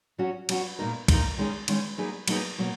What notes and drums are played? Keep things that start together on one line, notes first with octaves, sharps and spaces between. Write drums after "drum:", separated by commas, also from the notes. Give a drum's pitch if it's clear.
F#3 C#4 F#4
F#3 C#4 F#4, drum: cymbal
A#2 A#3 D#4 A#4
A#2 A#3 D#4 A#4, drum: kick B1, cymbal
D#3 G#3 C#4 G#4
D#3 G#3 C#4 G#4, drum: cymbal
F#3 A#3 D#4 G#4 B4
F#3 A#3 D#4 G#4 B4, drum: cymbal
B2 F#3 A#3